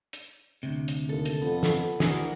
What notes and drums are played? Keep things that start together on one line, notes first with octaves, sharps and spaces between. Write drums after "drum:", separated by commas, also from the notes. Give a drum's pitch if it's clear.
drum: hi-hat
D2 C3
drum: hi-hat
D#2 A4
drum: hi-hat
F2 B3
drum: snare
D2 E3 F#4 G#4 A#4, drum: snare